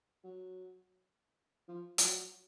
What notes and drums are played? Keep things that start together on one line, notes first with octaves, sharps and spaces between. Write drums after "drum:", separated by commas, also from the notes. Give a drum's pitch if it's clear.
F#3
F3
F3, drum: hi-hat
F#3